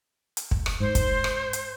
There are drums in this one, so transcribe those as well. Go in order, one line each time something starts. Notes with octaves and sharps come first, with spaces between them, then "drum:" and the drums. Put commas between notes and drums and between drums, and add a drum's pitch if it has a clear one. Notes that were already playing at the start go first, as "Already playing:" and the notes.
drum: hi-hat
drum: kick
drum: rim click
G#2 C5
drum: kick, hi-hat
drum: rim click
drum: hi-hat